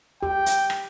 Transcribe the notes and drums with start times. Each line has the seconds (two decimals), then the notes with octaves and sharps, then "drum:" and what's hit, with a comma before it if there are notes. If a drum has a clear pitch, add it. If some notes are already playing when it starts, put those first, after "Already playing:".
0.23 G4 G5
0.46 drum: hi-hat
0.70 drum: rim click